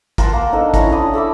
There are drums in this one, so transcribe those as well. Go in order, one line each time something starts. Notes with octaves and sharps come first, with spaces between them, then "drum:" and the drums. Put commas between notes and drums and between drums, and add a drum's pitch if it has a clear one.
A#4 F#5 A5 C6, drum: kick, hi-hat
A#3
D4 D#4 A4 D#5
C#4 E4 A#5, drum: kick, hi-hat
D4 E4 F#5 D#6
A3 A4 B5 D6